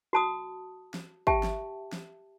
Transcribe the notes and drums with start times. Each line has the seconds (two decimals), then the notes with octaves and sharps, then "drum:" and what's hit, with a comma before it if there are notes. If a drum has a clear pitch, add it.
0.13 F#4 A5 D#6
0.94 drum: snare
1.27 G4 E5 G5 A5, drum: kick
1.43 drum: snare
1.92 drum: snare